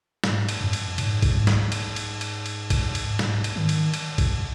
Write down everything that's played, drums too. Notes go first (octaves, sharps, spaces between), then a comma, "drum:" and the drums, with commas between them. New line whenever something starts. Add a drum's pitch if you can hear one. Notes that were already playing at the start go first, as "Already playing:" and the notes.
G#2, drum: snare
drum: cymbal
F2
drum: cymbal
G#2, drum: cymbal
drum: kick, cymbal
G#2
drum: snare
drum: cymbal
drum: cymbal
drum: cymbal
drum: cymbal
drum: kick, cymbal
drum: cymbal
G#2, drum: snare
drum: cymbal
D#3
drum: cymbal
drum: cymbal
drum: kick, cymbal